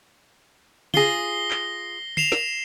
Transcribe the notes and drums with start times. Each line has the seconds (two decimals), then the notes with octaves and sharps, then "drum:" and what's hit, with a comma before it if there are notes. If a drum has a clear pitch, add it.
0.94 F4 G#4 A#6 C7 G7, drum: tom C#3
1.51 drum: clap
2.17 C7 E7 F7, drum: tom
2.32 drum: snare